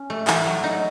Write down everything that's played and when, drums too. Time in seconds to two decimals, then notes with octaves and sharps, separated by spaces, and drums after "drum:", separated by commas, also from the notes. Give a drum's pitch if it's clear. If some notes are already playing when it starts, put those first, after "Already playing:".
Already playing: C#4
0.10 A3
0.27 E3, drum: clap
0.46 F#3
0.64 D#4